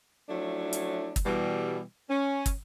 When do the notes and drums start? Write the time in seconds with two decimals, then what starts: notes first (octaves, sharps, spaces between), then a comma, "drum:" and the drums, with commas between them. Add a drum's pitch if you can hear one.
0.29 F3 F#3 A3 C#4 D4 E4
0.73 drum: hi-hat
1.16 drum: kick, hi-hat
1.25 B2 E3 G3
2.09 C#4
2.46 drum: kick, hi-hat